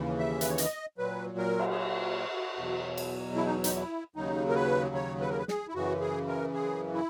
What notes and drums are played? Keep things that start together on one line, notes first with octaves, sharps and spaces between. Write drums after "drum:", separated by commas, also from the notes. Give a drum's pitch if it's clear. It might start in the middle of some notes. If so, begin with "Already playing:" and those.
Already playing: D#2 C#3 E3
E5
B4, drum: hi-hat
C#5
D#5, drum: hi-hat
A#2 F#3 B4
A#4
drum: cymbal
G#4
F#4
E2 B2 F#3
drum: cymbal
E4
D#4
D#4, drum: hi-hat
E4
D#2 C#3 F#3 D#4
A#4
B4
C#5
B4
A#4
B4
G#4, drum: snare
E4
F#2 C#3 E3 F#4
G#4
A#4
G#4
E4